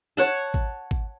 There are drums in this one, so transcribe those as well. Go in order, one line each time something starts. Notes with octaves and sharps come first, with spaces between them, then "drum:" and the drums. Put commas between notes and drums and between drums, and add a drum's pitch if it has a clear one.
C#5 F#5 A5
drum: kick G#1
drum: kick G#1